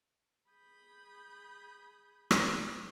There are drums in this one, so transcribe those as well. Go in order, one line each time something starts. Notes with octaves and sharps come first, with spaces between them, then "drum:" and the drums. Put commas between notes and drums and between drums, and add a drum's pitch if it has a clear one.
G#4 B5 D#6 G6
drum: rim click